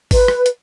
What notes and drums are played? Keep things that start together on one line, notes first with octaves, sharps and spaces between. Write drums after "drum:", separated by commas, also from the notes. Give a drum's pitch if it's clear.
B4, drum: kick G#1, open hi-hat
drum: rim click
drum: hi-hat